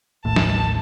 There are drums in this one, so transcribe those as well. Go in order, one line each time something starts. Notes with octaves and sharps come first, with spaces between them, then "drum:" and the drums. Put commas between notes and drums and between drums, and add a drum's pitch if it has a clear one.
A1 D#2 A2 A5
drum: snare